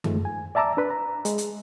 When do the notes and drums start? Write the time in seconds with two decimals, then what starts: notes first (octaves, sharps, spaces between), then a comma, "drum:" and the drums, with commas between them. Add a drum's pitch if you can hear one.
0.04 D#3 F3 G#3 A3, drum: tom F#2
0.25 G#5
0.55 D5 E5 A5 A#5 D6 E6
0.77 D4 B4 B5
0.90 A#5
1.25 G#3, drum: hi-hat
1.38 drum: hi-hat